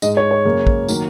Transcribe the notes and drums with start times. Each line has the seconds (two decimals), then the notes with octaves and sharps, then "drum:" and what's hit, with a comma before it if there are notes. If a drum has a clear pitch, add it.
0.02 G#2 G#3 D#5, drum: tambourine
0.17 C#5
0.31 C#5
0.45 F#2 C#3 A#3
0.67 drum: kick
0.89 D#3 F#3 A#3, drum: tambourine